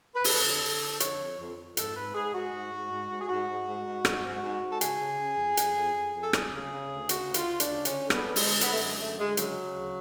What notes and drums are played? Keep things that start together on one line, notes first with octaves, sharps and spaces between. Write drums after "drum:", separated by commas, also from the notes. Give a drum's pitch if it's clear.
B4
F2 A4, drum: open hi-hat
D3
D3
D3
F2 C#5, drum: hi-hat
F2
F2
F2
G#2 A4, drum: hi-hat
G#2 B4
G#2 G#4
G#2 F#4
G#2
G#2
G#2
G#2
G#4
G#2 F#4
G#2
G#2
G#2
G#2, drum: rim click
G#2
G#2
G#2
A4
C#3 G#4, drum: hi-hat
C#3
C#3
F2
F2, drum: hi-hat
F2
F2
F2
A4
D2 G#4, drum: rim click
C#3
C#3
D2
C#3 F#4, drum: hi-hat
D2
F4, drum: hi-hat
D2
D4, drum: hi-hat
C#3
D3 C#4, drum: hi-hat
D3
B3, drum: rim click
D3
G#3, drum: open hi-hat
D3
D3 B3, drum: hi-hat
A3
F#2 G#3
D3 A3
D3 G#3
C#3 F#3, drum: hi-hat
C#3
D2